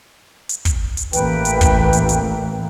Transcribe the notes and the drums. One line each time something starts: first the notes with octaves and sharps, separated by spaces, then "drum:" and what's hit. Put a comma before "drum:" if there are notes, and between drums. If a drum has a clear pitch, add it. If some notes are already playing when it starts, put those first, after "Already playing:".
drum: hi-hat
drum: kick, hi-hat
drum: hi-hat
A1 E3 A#3 B4 G5, drum: hi-hat
drum: hi-hat
drum: kick, hi-hat
drum: hi-hat
drum: hi-hat